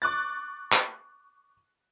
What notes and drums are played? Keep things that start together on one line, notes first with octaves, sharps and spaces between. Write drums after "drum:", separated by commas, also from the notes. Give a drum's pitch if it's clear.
C#6 D6 F#6 A6
drum: clap